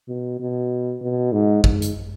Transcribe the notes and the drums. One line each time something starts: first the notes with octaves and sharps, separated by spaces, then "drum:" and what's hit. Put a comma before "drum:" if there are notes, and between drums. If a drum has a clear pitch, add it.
B2
B2
B2
G#2
G#2, drum: kick G#1
drum: hi-hat